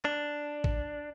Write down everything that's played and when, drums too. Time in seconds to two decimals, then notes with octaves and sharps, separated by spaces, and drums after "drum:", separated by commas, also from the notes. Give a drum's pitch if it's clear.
0.05 D4
0.64 drum: kick